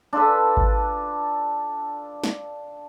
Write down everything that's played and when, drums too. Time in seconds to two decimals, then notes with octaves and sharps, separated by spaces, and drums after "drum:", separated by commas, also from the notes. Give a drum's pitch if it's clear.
0.13 D4 F4 A4 B4
0.57 drum: kick G#1
2.24 drum: snare